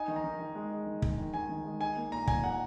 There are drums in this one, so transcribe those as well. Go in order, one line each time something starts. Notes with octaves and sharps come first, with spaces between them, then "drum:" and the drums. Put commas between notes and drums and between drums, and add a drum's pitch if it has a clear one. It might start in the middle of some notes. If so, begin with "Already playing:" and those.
Already playing: D#4 G#5
D#3
A#5
D#3
D#3
G#3
G#3
D#3
G#3, drum: kick
D#3
D#3 G#5
D#3
G#3
D#4 G#5
A#3
A#2 A#5
A#2 G#5, drum: kick
A#2 F#5